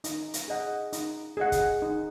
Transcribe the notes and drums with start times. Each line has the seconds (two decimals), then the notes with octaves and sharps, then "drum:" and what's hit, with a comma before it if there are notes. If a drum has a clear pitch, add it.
0.04 D#4, drum: hi-hat
0.34 drum: hi-hat
0.48 G#4 D#5 F#5
0.93 D#4, drum: hi-hat
1.37 G#4 D#5 F#5
1.52 drum: kick, hi-hat
1.82 D#4